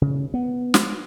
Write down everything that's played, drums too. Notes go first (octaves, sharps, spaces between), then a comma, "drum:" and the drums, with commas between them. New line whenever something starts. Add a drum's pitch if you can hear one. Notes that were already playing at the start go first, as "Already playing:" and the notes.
C#3
B3
drum: snare